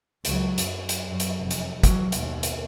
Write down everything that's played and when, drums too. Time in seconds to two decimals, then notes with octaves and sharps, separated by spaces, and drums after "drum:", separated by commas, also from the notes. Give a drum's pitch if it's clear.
0.25 C#2 F#3, drum: hi-hat
0.58 F#2, drum: hi-hat
0.89 drum: hi-hat
1.09 F#2
1.20 drum: hi-hat
1.41 F1
1.51 drum: hi-hat
1.83 E3 F#3, drum: kick, hi-hat
2.12 D#2 B2, drum: hi-hat
2.43 drum: hi-hat